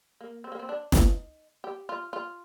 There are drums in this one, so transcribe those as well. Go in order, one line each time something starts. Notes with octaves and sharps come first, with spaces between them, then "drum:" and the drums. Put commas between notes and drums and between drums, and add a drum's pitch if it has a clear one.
A#3
C4
A#3
C4
D4
D#4, drum: snare
G4
F4
F4